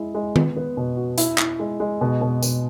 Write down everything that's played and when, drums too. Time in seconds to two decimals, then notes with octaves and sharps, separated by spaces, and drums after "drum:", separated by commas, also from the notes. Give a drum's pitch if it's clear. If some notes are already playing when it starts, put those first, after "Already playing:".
Already playing: G#3 E4
0.15 G#3
0.36 B3, drum: tom D#3
0.57 B3
0.77 B2
0.97 F#4
1.18 E4, drum: hi-hat
1.38 E4, drum: clap
1.60 G#3
1.80 G#3
2.01 B2
2.21 B2
2.43 B2, drum: tambourine